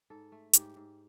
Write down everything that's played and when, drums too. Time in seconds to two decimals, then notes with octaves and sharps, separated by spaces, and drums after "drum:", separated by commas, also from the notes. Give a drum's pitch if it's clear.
0.10 G#2 A4
0.32 A3
0.53 G#2 G4, drum: hi-hat
0.76 G#2